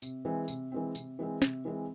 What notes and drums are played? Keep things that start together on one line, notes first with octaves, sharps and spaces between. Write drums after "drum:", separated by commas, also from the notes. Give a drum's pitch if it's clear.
C3, drum: tambourine
E3 G#3 C4
C3, drum: tambourine
E3 G#3 C4
C3, drum: tambourine
E3 G#3 C4
C3, drum: snare
E3 G#3 C4